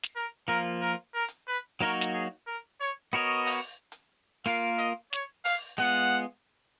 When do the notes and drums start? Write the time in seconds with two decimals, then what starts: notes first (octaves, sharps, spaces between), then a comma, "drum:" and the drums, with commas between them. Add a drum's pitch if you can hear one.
0.03 drum: snare
0.16 A#4
0.48 F3 A#3 F4 A#4
0.82 A#4
1.14 A#4
1.28 drum: hi-hat
1.47 B4
1.81 F#3 A#3 D#4 F#4 A#4 C#5
2.01 drum: snare
2.13 G#4
2.47 A#4
2.80 C#5
3.13 B3 F#4 A#4 C#5 D#5
3.46 drum: open hi-hat
3.92 drum: hi-hat
4.45 A#3 F4 A#4 F5, drum: hi-hat
4.78 D#5, drum: hi-hat
5.13 C#5, drum: snare
5.45 F5, drum: open hi-hat
5.78 G#3 B3 F4 F#5